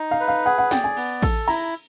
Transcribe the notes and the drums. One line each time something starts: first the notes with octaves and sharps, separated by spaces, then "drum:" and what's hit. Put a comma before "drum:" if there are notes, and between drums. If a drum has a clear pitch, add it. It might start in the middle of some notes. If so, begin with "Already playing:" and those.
Already playing: D#4
F5
B4
F5
G#4 F#5
F#5
D5 G5, drum: snare
G#5
B3, drum: cymbal
A4, drum: kick A1, cymbal
E4 A#5, drum: cymbal